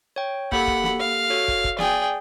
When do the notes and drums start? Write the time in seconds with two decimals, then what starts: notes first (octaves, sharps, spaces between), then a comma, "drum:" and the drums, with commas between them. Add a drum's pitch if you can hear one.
0.16 C#5 G5
0.52 A#3 G4 A4 F#5 B5, drum: kick
0.67 drum: kick
0.84 drum: snare
1.00 F5
1.30 F#4 A4 C#5
1.48 drum: kick
1.64 drum: kick
1.79 G#4 D5 G5, drum: snare